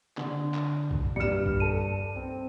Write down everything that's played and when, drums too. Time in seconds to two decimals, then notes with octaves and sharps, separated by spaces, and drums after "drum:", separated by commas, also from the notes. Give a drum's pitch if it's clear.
0.17 D3, drum: clap
0.54 drum: clap
0.91 drum: kick B1
1.16 G2 F6 C#7 E7
1.46 drum: kick B1
1.60 A4 A5 D#7
2.16 C4